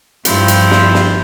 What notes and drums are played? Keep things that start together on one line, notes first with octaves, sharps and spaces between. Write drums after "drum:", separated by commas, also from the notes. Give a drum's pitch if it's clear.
G2 F3 C4 E4 F4, drum: hi-hat
drum: hi-hat
drum: snare
drum: snare